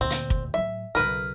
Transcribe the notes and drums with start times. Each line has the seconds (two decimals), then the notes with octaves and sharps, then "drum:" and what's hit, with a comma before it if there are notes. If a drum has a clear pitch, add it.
0.01 D2 A#2 C4
0.10 drum: hi-hat
0.30 drum: kick
0.54 A2 F#3 E5
0.95 B1 C#3 A#4 B4 F6